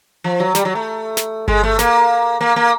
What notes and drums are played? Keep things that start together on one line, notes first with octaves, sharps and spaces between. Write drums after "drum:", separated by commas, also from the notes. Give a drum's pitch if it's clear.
F3
F#3
G3, drum: snare
F#3
A3
drum: snare
G#3, drum: kick G1
A3
A#3, drum: snare
A#3
A#3